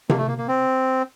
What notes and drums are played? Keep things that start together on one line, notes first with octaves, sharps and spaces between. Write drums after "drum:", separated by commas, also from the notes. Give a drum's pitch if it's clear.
A#3, drum: tom C3
A3
A#3
A#3
C4